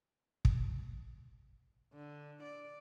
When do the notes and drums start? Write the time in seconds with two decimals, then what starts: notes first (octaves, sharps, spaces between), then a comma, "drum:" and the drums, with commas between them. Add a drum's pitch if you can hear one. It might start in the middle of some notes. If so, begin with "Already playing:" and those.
0.45 drum: kick
1.94 D3
2.43 D5